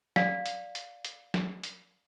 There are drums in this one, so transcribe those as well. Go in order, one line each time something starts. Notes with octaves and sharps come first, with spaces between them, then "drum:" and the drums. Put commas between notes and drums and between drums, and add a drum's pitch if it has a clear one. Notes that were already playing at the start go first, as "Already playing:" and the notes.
D5 F5, drum: snare
drum: hi-hat
drum: hi-hat
drum: hi-hat
drum: snare
drum: hi-hat